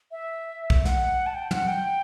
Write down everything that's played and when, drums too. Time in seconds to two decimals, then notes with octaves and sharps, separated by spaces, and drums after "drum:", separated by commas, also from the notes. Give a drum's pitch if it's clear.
0.11 E5
0.70 drum: kick
0.85 F#5, drum: snare
1.26 A5
1.34 G5
1.51 F#5, drum: tom
1.67 G5